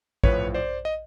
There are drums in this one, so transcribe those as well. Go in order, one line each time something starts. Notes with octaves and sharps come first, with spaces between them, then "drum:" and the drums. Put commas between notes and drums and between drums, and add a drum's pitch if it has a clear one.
A1 A2 F3 B4 C#5, drum: kick
C5 D5
D#5